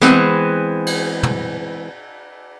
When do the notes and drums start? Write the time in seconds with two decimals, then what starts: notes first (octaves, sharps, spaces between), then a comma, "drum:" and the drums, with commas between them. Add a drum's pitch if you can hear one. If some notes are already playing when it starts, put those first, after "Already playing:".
0.01 E3 G#3 B3 C4, drum: snare
0.87 drum: cymbal
1.23 drum: tom